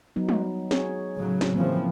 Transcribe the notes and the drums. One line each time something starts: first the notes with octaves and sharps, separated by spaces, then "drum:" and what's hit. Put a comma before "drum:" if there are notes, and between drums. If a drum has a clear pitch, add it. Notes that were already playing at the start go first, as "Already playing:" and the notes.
F#3 B3 D#4
drum: tom G3
F#4 G#4 C#5, drum: snare
A2 C#3 F#3
drum: snare
C#3 E3 F3 A#3 C4 E4